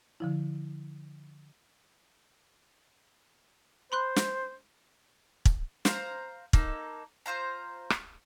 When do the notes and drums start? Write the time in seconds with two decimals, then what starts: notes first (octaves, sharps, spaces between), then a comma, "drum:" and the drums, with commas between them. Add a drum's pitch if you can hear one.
0.20 D3 F3 E4
3.92 C5 B5 C6 F#6
4.16 drum: snare
5.45 drum: kick
5.85 C5 F5 A#5, drum: snare
6.53 A#3 D#4 A4, drum: kick
7.26 F4 C5 F5 A#5
7.90 drum: rim click